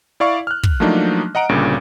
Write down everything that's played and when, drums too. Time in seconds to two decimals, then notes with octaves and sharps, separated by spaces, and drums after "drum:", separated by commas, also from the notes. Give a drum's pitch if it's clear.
0.20 E4 D5 F5 C#6
0.47 F6 F#6
0.64 drum: kick
0.80 F3 F#3 A3 A#3 D4 D#4
1.35 D#5 F#5 A#5 D7
1.49 G1 G2 A#2 C#3